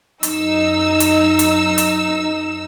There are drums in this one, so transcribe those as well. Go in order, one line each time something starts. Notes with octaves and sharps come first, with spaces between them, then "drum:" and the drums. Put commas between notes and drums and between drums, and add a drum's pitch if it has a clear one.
F#2 D#4 E6, drum: hi-hat
drum: hi-hat
drum: hi-hat
drum: hi-hat